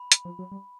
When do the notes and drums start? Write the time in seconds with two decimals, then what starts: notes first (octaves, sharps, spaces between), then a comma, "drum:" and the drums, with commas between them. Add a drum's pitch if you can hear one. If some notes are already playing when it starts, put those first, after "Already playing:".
Already playing: B5
0.12 drum: hi-hat
0.25 F3
0.39 F#3
0.52 G3